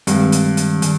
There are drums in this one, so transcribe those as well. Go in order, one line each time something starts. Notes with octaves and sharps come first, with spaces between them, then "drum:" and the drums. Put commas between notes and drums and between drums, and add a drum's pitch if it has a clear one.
G2 D#3 G#3 C4 G4, drum: hi-hat
drum: hi-hat
drum: hi-hat
D#3, drum: hi-hat